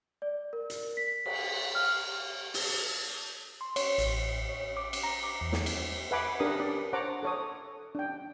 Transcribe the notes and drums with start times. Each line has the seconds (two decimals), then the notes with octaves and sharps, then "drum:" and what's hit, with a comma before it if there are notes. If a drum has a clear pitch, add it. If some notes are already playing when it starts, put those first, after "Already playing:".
0.22 D5
0.53 A#4
0.70 drum: hi-hat
0.97 B6
1.26 drum: cymbal
1.75 F6
2.54 drum: open hi-hat
3.61 C6
3.76 C#5, drum: cymbal
3.98 A1, drum: hi-hat
4.49 C#5
4.77 D6
4.93 drum: cymbal
5.03 A#5
5.23 D6
5.41 E2
5.52 drum: snare
5.66 drum: cymbal
6.11 B4 E5 F#5 G#5 B5 D6
6.40 D4 G4 A#4 B4 D#6
6.59 D4 D5 D#6
6.93 C5 C#5 F#5 A5 A#5 D6
7.23 A4 C#5 D#6
7.95 D4 G5